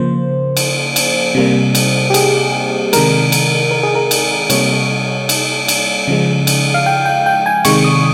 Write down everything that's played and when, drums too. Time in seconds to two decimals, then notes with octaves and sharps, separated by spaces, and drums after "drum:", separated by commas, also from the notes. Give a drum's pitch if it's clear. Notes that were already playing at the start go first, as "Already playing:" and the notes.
Already playing: C#3 F3 A#3 C5
0.57 drum: cymbal
0.96 drum: cymbal
1.35 C3 G3 A#3
1.75 drum: cymbal
2.10 G4
2.14 G#4, drum: cymbal
2.93 C3 D#3 G#3 A#4, drum: cymbal
3.32 drum: cymbal
3.71 A#4
3.83 G#4
3.95 A#4
4.11 drum: cymbal
4.50 C3 G3 A#3 C#5, drum: cymbal
5.29 drum: cymbal
5.68 drum: cymbal
6.07 C#3 F3 G#3
6.47 drum: cymbal
6.74 F5
6.86 G5
7.06 G5
7.26 G5
7.46 G#5
7.65 C3 D#3 G#3 C#6, drum: cymbal
7.84 D#6